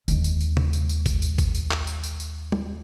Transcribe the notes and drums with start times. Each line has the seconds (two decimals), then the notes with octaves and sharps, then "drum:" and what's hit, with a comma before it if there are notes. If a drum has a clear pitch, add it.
0.08 D#2 G#3, drum: tambourine
0.24 drum: tambourine
0.41 drum: tambourine
0.57 drum: tom
0.73 drum: tambourine
0.89 drum: tambourine
1.06 drum: kick G#1, tambourine
1.22 drum: tambourine
1.38 drum: kick G#1, tambourine
1.55 drum: tambourine
1.71 drum: clap
1.87 drum: tambourine
2.03 drum: tambourine
2.20 drum: tambourine
2.52 drum: tom